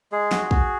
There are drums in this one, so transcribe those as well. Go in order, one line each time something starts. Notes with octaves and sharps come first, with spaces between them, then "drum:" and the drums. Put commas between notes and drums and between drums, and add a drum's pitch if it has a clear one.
G#3 G#4
F#4, drum: snare
F#4, drum: kick